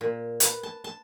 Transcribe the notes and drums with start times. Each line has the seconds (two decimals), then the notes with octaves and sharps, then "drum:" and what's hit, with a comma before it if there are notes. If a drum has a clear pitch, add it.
0.01 A#2
0.40 B4, drum: hi-hat
0.63 A5
0.84 A5